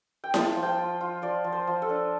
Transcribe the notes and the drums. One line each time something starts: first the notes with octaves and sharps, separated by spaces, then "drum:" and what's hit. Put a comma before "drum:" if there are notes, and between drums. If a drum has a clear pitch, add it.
G5
F4 A5, drum: snare E4
F3
G5
F4
F4
F3 D5
F3
C5
F3
A4
D4